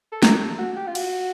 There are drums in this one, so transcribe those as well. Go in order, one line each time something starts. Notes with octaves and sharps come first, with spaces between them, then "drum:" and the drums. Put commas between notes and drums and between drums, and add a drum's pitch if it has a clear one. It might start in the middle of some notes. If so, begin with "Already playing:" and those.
A4
A#4, drum: snare
A4
F#4
G4
F4
F#4, drum: cymbal